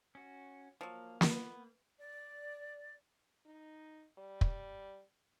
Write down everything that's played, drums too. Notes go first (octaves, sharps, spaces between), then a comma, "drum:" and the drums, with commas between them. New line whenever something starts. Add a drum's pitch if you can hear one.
C#4 F#4
F3 F#3 A#3
drum: snare
B3
D5
D#4
G3
drum: kick